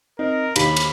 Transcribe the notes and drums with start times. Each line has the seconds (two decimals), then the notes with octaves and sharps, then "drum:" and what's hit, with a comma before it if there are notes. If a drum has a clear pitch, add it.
0.19 C4 D#4 A#4
0.56 D#2 D#4 G4 F5 B5, drum: cymbal
0.76 drum: cymbal